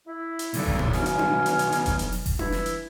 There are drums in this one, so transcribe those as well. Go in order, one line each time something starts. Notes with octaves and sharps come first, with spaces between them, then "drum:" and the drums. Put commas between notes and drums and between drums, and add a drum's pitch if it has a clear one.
E4
drum: hi-hat
B1 D3 D#3 G3 E4, drum: open hi-hat
drum: kick F1
drum: tom A2
B2 G#5 F6, drum: snare
drum: hi-hat
drum: tom D4
drum: hi-hat
drum: hi-hat
drum: hi-hat
drum: kick F1, hi-hat
drum: hi-hat
drum: open hi-hat
drum: kick F1, open hi-hat
E3 E4, drum: tom D4
drum: snare
drum: hi-hat